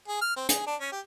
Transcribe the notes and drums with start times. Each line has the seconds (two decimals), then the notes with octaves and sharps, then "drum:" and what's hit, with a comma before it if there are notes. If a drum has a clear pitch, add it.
0.08 G#4
0.21 F6
0.36 C4
0.49 G#4, drum: hi-hat
0.66 D4
0.80 C#4
0.92 G4